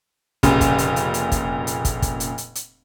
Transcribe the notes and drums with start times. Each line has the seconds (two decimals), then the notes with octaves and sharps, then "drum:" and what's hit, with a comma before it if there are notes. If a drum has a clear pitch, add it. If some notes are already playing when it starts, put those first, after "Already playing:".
0.43 F1 A#2 C#3, drum: kick, hi-hat
0.61 drum: kick, hi-hat
0.78 drum: hi-hat
0.96 drum: hi-hat
1.14 drum: hi-hat
1.32 drum: kick, hi-hat
1.67 drum: hi-hat
1.85 drum: kick, hi-hat
2.02 drum: kick, hi-hat
2.20 drum: hi-hat
2.38 drum: hi-hat
2.55 drum: hi-hat